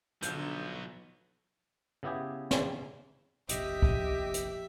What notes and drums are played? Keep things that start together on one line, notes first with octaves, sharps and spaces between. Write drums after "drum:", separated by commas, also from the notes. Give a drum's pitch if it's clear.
B1 D3 F3 F#3 B3 G6, drum: hi-hat
C#3 B3 E4 G4 G#4
drum: snare
F1 A#1 G4 D#5 E5 B6, drum: hi-hat
drum: kick C#2
drum: hi-hat